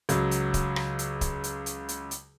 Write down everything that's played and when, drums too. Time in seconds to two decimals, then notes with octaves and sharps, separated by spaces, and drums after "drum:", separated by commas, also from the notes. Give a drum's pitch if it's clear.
0.09 C#2 F#3, drum: hi-hat
0.31 drum: hi-hat
0.54 drum: kick, hi-hat
0.76 drum: rim click
0.99 drum: hi-hat
1.21 drum: kick, hi-hat
1.44 drum: hi-hat
1.66 drum: hi-hat
1.89 drum: hi-hat
2.11 drum: hi-hat